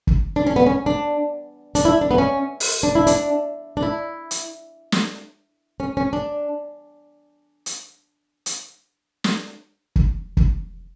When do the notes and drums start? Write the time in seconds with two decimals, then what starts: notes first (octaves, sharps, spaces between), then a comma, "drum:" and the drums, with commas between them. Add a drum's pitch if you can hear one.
0.07 drum: kick
0.36 D4
0.47 C#4
0.56 B3
0.66 C#4
0.86 D4
1.75 D4, drum: hi-hat
1.85 E4
2.01 D4
2.11 B3
2.18 C#4
2.60 drum: open hi-hat
2.83 D4
2.95 E4
3.07 D4, drum: hi-hat
3.77 D4
3.83 E4
4.31 drum: hi-hat
4.92 drum: snare
5.80 C#4
5.97 C#4
6.13 D4
7.66 drum: hi-hat
8.46 drum: hi-hat
9.24 drum: snare
9.96 drum: kick
10.37 drum: kick